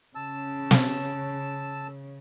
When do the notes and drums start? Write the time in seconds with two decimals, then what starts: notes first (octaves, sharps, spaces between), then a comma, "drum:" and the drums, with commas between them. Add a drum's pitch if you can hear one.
0.15 C#3 A5 E6
0.71 drum: snare